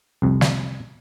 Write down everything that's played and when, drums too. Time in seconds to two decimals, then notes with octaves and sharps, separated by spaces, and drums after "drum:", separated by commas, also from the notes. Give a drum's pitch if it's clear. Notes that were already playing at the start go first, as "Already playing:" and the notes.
0.22 C2 F2
0.41 drum: snare